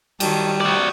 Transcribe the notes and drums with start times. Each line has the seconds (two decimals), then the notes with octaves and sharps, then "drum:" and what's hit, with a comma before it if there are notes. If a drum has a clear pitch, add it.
0.20 D#3 F#3 G3 A5, drum: cymbal
0.61 F#4 G4 D5 C#6 D#6